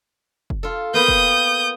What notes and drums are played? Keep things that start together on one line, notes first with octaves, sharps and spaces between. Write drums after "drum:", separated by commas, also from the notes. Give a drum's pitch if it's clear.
drum: kick
F4 A4
A#3 B3 G5 D#6 G6
drum: kick